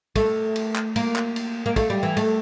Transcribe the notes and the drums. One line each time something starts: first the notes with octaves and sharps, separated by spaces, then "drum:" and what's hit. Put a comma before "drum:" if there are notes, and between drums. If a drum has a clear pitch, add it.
A3, drum: kick, cymbal
drum: cymbal
drum: clap
A#3, drum: cymbal
drum: clap
drum: cymbal
A#3
A3, drum: kick, cymbal
G3
E3
A3, drum: cymbal